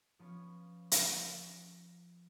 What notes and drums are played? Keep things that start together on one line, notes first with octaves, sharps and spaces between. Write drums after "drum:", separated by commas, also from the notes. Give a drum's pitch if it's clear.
F3 B3 C#4
drum: hi-hat